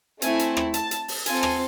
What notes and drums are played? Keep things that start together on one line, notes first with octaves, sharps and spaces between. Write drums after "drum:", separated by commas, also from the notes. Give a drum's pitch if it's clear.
A3 C4 E4 G#5, drum: hi-hat
drum: hi-hat
drum: rim click
A5, drum: hi-hat
drum: hi-hat
drum: open hi-hat
C4 F4 A4 G#5, drum: hi-hat
drum: rim click